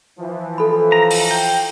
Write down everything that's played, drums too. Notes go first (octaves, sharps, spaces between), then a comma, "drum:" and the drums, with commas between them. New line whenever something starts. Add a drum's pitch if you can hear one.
E3 F3
A4 B5
A#5
drum: open hi-hat
G5